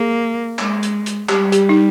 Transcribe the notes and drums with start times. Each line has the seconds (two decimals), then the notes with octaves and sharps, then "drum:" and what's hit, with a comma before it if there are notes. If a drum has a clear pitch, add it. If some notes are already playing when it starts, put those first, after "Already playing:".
Already playing: A#3 G#4
0.59 G#3, drum: clap
0.83 drum: hi-hat
1.06 drum: hi-hat
1.29 G3 G4, drum: clap
1.52 G4, drum: hi-hat
1.69 D#4